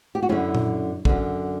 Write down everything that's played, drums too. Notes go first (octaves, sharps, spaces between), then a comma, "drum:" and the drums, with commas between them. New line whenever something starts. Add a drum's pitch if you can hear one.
G4
F#4
F#2 D3 C#4 E4
drum: tom A#2
F#2 D3, drum: kick